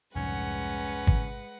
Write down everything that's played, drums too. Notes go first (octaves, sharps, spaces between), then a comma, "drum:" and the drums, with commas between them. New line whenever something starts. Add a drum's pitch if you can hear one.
C2 F2 G#2 G#3 C#4 B4 F#5
drum: kick G#1